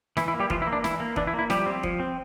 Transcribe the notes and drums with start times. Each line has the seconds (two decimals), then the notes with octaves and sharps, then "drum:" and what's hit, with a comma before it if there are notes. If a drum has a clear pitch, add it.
0.17 E3 E4, drum: snare
0.28 E4
0.34 A#3
0.40 G3 G4
0.50 E3 F3 F4, drum: kick F1
0.62 E4
0.67 A#3
0.73 D4
0.84 E3 E4, drum: snare
1.00 A#3
1.16 E3 D4, drum: kick F1
1.27 E4
1.34 A#3
1.39 E4
1.50 F3 G3 G4, drum: snare
1.66 C4
1.83 F3, drum: kick F1
2.00 C4